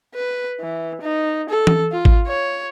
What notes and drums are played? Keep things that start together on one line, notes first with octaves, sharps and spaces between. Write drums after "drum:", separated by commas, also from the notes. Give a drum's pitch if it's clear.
B4
E3
D#4
A4
drum: tom E3
F4
drum: kick G#1
C#5